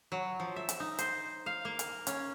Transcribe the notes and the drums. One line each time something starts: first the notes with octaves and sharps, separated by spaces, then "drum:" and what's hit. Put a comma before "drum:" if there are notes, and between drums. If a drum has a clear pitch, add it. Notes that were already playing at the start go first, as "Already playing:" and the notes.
F#3
F3
E5
drum: hi-hat
D#4
C5, drum: hi-hat
F5
A#3
drum: hi-hat
C#4, drum: hi-hat